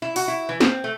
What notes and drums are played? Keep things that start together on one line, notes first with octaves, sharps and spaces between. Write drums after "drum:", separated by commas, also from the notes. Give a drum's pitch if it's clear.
E4
F#4, drum: open hi-hat
E4
E3
C4, drum: snare
A3